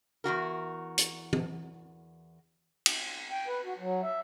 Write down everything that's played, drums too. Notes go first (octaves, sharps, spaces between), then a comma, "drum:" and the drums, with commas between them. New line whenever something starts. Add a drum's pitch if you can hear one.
E2 C3 F#4 A#4
drum: hi-hat
drum: tom E3
drum: cymbal
G5
B4
F#4
F#3
E5